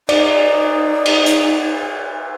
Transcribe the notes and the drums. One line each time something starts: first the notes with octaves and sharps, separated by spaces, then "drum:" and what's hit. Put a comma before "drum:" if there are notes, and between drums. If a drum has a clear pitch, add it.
D#4 D5, drum: cymbal
drum: cymbal
drum: hi-hat